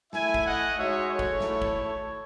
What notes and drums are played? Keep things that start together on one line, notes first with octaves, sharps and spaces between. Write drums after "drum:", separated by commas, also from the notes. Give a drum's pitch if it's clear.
A3 E4 E5 G#5, drum: snare
drum: kick
D#5 F#5
G#3 D#4 F#4 C#5 E5
A4 C#5
drum: kick
A3 E4, drum: snare
drum: kick